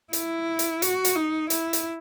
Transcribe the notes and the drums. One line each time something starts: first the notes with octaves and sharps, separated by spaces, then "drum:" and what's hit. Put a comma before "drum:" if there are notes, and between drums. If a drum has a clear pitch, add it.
E4, drum: hi-hat
drum: hi-hat
F#4, drum: hi-hat
drum: hi-hat
D#4
E4, drum: hi-hat
drum: hi-hat